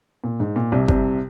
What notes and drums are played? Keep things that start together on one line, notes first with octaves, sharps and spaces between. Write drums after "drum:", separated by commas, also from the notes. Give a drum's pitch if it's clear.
A#2
G#2
A#2
C2 C3
C2 C3, drum: kick G1